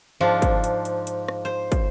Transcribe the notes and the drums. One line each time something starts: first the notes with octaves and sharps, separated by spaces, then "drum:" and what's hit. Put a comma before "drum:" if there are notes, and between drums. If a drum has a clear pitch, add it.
G#2 F3 D4 F4
drum: kick, hi-hat
drum: hi-hat
drum: hi-hat
drum: hi-hat
drum: rim click
C5
drum: kick, hi-hat